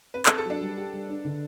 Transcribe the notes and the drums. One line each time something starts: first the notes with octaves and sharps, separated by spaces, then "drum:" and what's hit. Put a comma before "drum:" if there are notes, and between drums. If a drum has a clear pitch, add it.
C4 B4
A4, drum: clap
C4
A4
F#3 D4
G3
G4
G3
D4
D3